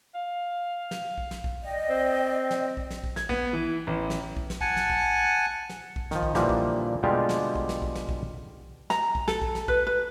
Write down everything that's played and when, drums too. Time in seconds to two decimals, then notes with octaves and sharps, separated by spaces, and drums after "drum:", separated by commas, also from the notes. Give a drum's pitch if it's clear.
0.15 F5
0.91 drum: snare
1.18 drum: kick B1
1.31 drum: snare
1.44 drum: kick B1
1.62 D5 D#5 G5
1.89 C4
2.51 drum: snare
2.77 drum: kick B1
2.90 drum: snare
3.04 drum: kick B1
3.16 G#6, drum: snare
3.29 B3, drum: kick B1
3.53 E3
3.87 A1
4.10 drum: snare
4.37 drum: kick B1
4.50 drum: snare
4.61 F#5 G#5 A5, drum: kick B1
4.76 drum: snare
4.90 drum: kick B1
5.69 drum: snare
5.96 drum: kick B1
6.11 D#3 F3, drum: snare
6.23 drum: kick B1
6.35 A#2 D3 E3 F3 G3 A#3, drum: snare
6.49 drum: kick B1
7.03 B2 D3 G3 G#3 F4 G4
7.29 drum: snare
7.56 drum: kick B1
7.69 drum: snare
7.82 drum: kick B1
7.95 drum: snare
8.09 drum: kick B1
8.90 A#5, drum: snare
9.15 drum: kick B1
9.28 A4, drum: snare
9.42 drum: kick B1
9.55 drum: snare
9.68 B4, drum: kick B1
9.87 B4